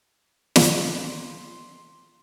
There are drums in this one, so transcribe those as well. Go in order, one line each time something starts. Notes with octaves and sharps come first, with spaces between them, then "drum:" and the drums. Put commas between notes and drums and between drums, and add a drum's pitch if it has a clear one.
drum: snare
C6